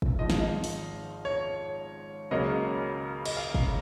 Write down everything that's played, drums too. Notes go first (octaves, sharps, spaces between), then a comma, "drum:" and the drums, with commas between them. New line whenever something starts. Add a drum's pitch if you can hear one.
drum: kick
G#1 G#2 F3 D#5
F5, drum: snare
D#5
drum: open hi-hat
C#5
C#2 C#3 F#3 A#3 C#4 D#5
D#5, drum: cymbal
F5
drum: kick